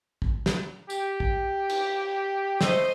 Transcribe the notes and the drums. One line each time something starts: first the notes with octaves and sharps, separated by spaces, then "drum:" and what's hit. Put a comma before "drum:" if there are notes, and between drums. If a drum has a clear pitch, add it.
drum: kick
drum: snare
G4, drum: tambourine
drum: kick
drum: cymbal
A3 C5 D#5, drum: snare